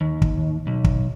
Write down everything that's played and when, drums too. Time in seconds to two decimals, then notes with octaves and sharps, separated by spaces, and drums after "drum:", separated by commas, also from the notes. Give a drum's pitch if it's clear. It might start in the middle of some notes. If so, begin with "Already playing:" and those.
0.01 D#2
0.22 drum: kick
0.67 B1
0.84 drum: kick